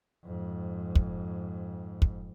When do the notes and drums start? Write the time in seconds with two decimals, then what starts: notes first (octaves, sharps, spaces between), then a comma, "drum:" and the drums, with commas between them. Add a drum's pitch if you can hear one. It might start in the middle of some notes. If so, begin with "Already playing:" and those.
0.25 F2 G#2
0.96 drum: kick
2.02 drum: kick